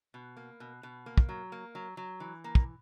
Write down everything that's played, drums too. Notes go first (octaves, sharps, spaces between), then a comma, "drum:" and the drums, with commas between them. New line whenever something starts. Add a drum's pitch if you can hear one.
B2
A#3
B2
B2
A#3
drum: kick
F#3
A#3
F#3
F#3
E3
A#3
drum: kick